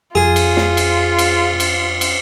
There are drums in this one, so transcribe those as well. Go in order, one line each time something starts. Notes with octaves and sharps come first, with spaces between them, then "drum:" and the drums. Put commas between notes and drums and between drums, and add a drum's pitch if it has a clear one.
F2 F4 G#4
drum: cymbal
drum: snare
drum: cymbal
drum: cymbal
drum: cymbal
drum: cymbal